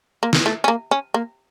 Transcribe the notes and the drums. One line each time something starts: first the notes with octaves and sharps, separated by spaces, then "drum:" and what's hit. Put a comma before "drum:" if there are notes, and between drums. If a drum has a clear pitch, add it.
A#3
drum: snare
A3
C#4
A#3
C#4
A#3